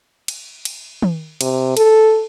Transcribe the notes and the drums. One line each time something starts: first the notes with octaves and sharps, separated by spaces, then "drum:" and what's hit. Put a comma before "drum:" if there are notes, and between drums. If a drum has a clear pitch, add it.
drum: cymbal
drum: cymbal
drum: tom
C3, drum: cymbal
A4, drum: cymbal